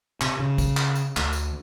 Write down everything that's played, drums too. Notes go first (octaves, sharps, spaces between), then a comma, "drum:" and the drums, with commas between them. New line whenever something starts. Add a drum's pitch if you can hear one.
C3, drum: clap
C#3
drum: kick, tambourine
drum: clap
drum: tambourine
D2, drum: clap
drum: tambourine